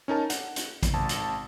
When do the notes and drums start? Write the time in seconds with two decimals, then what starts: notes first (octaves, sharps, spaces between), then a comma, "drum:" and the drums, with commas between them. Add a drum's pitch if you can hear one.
0.08 C#4 D#4 A#4 A5
0.30 F#5, drum: hi-hat
0.56 drum: hi-hat
0.83 drum: kick A1, hi-hat
0.94 G#1 A5
1.09 drum: hi-hat